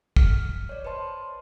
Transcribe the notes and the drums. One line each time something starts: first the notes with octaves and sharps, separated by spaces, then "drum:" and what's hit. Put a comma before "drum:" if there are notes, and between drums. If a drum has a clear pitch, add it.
F6 B6, drum: kick
C#5 D5
B4 C5 D5 D#5 A5 C6